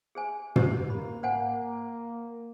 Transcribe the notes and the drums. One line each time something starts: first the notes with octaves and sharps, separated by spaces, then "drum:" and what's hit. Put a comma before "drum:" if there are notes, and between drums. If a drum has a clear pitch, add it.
G#4 C5 G#5
G4 C5, drum: tom
A#3 B5
A#3 C5 F#5 G#5